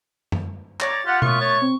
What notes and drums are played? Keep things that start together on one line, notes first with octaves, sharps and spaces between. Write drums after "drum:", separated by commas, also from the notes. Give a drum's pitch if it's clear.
drum: tom F#2
C#5 D5 A#5 A6, drum: clap
F4 G4 F#5
F#2 A3 B3 C#6, drum: tom B2
C#5 A6
C4